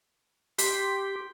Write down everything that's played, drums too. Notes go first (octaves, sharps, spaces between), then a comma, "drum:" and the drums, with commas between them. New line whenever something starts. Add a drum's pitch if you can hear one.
G4 C6 B6, drum: hi-hat